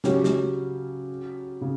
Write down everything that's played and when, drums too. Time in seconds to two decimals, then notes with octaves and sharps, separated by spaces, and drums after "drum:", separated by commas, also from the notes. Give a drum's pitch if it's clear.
0.04 C#3 F#3 C#4 G4, drum: snare
0.24 drum: snare
1.61 C#3